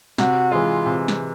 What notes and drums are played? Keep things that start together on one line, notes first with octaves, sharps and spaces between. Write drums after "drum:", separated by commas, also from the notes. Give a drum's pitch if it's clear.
C3 F#4, drum: snare
E3 G#3 F4
C3
drum: snare